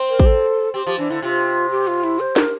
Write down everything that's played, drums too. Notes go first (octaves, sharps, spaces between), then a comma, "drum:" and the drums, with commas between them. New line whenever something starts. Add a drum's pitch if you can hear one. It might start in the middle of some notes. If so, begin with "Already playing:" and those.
Already playing: C4
A#4
G4, drum: kick
A4
C4 G4
F3 G4
E3 D4
D3 E4
C3 F4
G4
F4
E4
C5
A#4, drum: snare